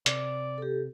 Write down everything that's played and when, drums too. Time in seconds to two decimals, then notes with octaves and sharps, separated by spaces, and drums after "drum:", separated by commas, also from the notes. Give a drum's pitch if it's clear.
0.06 C3 D5, drum: hi-hat
0.58 G4 A4